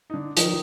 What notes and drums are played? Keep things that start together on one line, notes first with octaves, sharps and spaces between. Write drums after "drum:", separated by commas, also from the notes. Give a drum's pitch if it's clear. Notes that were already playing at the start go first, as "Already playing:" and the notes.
D#4
D3 D4
D#3 F3 D#4, drum: hi-hat